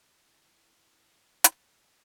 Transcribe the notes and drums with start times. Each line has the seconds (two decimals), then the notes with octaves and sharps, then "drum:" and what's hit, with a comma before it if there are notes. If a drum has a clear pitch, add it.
0.16 C#3 E4
1.44 drum: hi-hat